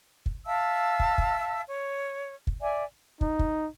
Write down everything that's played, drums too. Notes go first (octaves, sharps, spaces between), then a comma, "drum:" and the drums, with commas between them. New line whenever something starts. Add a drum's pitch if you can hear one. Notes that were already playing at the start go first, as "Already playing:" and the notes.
drum: kick
E5 F5 A5 E6
drum: kick
drum: kick
C#5
drum: kick
D5 E5 G#5
D#4, drum: kick
drum: kick